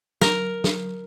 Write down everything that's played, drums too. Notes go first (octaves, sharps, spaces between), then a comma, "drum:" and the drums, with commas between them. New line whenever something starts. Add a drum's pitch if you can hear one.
A#4, drum: snare
drum: snare